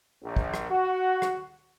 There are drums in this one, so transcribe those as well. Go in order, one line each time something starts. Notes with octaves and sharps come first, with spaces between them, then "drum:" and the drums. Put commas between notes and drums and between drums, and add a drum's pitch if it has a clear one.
A#1
drum: kick
drum: rim click
F#4
drum: rim click